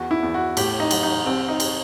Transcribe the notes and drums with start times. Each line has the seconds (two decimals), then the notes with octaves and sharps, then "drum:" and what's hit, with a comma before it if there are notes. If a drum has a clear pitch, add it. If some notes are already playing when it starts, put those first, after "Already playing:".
Already playing: E2 F#4
0.11 E4
0.23 E2
0.34 F#4
0.57 A2 G4, drum: cymbal
0.80 D#4
0.91 F#3, drum: cymbal
1.03 D#4
1.26 C2 C4
1.48 D#4
1.60 drum: cymbal